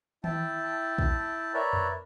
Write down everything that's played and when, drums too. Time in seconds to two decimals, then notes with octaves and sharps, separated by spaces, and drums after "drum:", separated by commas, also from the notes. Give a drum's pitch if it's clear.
0.24 E4 G5 A5, drum: tom D#3
0.98 drum: kick
1.54 A#4 B4 C#5 D5 E5
1.73 drum: tom F2